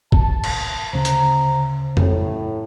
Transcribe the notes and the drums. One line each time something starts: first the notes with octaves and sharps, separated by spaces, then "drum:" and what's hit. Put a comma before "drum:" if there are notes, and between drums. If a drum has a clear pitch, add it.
A5, drum: kick
drum: cymbal
D2 C#3 C5 A#5
drum: hi-hat
A2, drum: tom